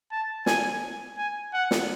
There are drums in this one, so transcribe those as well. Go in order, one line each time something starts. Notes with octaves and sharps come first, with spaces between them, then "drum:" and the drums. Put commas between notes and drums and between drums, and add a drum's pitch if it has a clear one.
A5
G#5, drum: snare
G#5
F#5
drum: snare